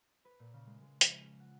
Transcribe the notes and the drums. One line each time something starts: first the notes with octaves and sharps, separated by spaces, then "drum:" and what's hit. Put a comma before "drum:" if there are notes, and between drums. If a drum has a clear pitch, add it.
B4
A#2
C#3
G#3
G#3
F3, drum: hi-hat
C#4
F#5